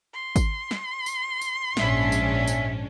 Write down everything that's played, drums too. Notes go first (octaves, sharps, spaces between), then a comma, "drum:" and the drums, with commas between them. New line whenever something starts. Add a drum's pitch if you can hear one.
C6
drum: kick G#1, tambourine
drum: snare
drum: tambourine
drum: tambourine
A#1 G#2 C#4 D4 E5, drum: snare
drum: tambourine
drum: tambourine